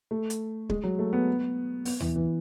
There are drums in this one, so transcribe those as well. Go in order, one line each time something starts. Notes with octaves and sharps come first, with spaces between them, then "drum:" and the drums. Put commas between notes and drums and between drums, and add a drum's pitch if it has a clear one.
A3
drum: hi-hat
G#3, drum: kick
F#3
A3
B3
B3, drum: open hi-hat
E3, drum: tom D#2
E3